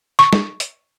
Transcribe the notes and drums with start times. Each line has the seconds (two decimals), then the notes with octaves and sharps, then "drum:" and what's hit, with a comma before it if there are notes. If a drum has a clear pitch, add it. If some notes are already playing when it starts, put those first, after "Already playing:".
0.19 C#6
0.33 drum: snare
0.60 drum: hi-hat